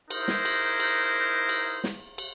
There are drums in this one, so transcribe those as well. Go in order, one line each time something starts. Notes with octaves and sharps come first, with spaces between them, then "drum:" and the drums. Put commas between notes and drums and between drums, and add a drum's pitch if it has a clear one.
D#4 E4 A#4 C5, drum: cymbal
drum: snare
drum: cymbal
drum: cymbal
drum: cymbal
drum: snare
drum: cymbal